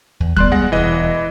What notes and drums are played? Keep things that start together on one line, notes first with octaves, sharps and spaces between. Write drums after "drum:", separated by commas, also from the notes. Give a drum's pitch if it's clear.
E2
G3 B3 D5 C6 F#6, drum: kick D2
G#3 F#5 A#6
E1 E3 D#5